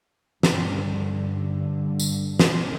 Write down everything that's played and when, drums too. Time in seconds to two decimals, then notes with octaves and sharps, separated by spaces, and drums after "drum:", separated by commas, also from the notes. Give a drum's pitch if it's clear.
0.43 G2 D3, drum: snare
2.00 drum: tambourine
2.39 drum: snare